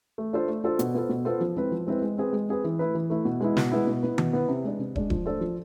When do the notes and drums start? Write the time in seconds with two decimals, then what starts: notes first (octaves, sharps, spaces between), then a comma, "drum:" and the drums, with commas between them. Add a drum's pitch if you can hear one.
0.18 A3
0.33 D4 F4 A4 C5
0.48 A3
0.64 D4 F4 A4 C5
0.79 B2, drum: hi-hat
0.94 B3 F4 A4 C5
1.09 B2
1.25 B3 F4 A4 C5
1.40 F3
1.56 G#3 C4 E4 B4
1.71 F3
1.87 G#3 C4 E4 B4
2.02 G#3
2.18 C4 G#4 B4
2.33 G#3
2.49 C4 G#4 B4
2.64 E3
2.79 A3 E4 B4
2.95 E3
3.10 A3 E4 B4
3.25 B2
3.41 G#3 B3 E4
3.57 B2, drum: snare
3.72 G#3 B3 E4
3.87 B2
4.03 B3 E4 B4
4.18 B2, drum: tom D#3
4.33 B3 E4 B4
4.49 C3
4.64 G#3 D4
4.79 C3
4.96 G#3 D4, drum: kick
5.10 F3, drum: kick
5.26 A3 D4 A4 C5
5.41 F3